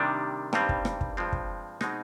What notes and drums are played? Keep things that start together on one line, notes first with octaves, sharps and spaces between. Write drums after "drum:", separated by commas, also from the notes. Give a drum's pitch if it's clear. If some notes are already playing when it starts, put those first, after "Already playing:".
Already playing: C3 D#3 G3 D4
G2 D#3 G3 C4, drum: rim click
drum: kick
drum: rim click
drum: kick
G2 F3 G#3 C4
drum: kick
B2 G#3 C4 D#4, drum: rim click